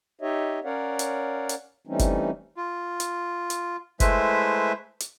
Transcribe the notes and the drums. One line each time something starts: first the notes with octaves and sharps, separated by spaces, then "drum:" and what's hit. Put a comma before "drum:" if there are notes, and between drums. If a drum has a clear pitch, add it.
D#4 G4 C#5 D#5 E5
C#4 A#4 C#5 D5 F5 F#5
drum: hi-hat
drum: hi-hat
E3 G3 A3 C4 C#4 D#4
drum: kick F#1, hi-hat
F4
drum: hi-hat
drum: hi-hat
G#3 A3 E4 B4 C5 E5, drum: kick F#1, hi-hat
drum: hi-hat